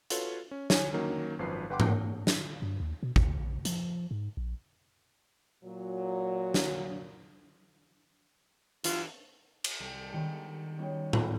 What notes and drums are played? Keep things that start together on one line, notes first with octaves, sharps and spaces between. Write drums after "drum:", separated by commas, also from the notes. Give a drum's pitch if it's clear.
F4 F#4 A4 B4 C#5 F5, drum: hi-hat
C#4
C#5 G#5, drum: snare
D#3 F#3 A#3 C#4
G#1 F#2 F3 B4 C7
G1 B4 F#5 G5 C6 D6
drum: tom G#2
drum: snare
G2
D#2
B2
D#2, drum: kick
A#1
F3, drum: hi-hat
G#2
A#1
A#2 F#3
drum: snare
G2 E3 F#3 F4, drum: hi-hat
drum: cymbal
C2 A4
D#3 G#3 B3 D4 G4 A4
G3 B3 C#4 D#4 F#4
drum: tom A2